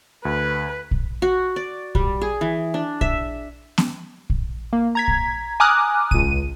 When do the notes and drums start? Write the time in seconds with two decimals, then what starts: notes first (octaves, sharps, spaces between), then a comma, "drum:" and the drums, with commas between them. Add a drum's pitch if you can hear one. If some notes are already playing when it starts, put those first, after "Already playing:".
0.25 D2 B4
0.91 drum: kick A#1
1.22 F#4
1.56 D5
1.95 G3, drum: kick A#1
2.21 G#4
2.41 E3
2.74 D4
3.01 E5, drum: kick A#1
3.78 drum: snare B3
4.30 drum: kick A#1
4.73 A#3
4.95 A#5 G#6 B6
5.08 drum: kick A#1
5.60 G#5 A#5 D6 D#6 F6 F#6
6.11 C#2 D#7, drum: kick A#1